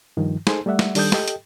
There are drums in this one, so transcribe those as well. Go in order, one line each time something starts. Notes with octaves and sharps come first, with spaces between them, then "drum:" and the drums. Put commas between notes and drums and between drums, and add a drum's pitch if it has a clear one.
G2 D#3 F3
D#4 G#4 A4 C5 G#5 C6, drum: snare
G3 A3 D5 E5 F#5
drum: snare
D#3 G3 D4 A4 D#6 G6, drum: open hi-hat
G4 A4 D#5 G5, drum: snare
drum: hi-hat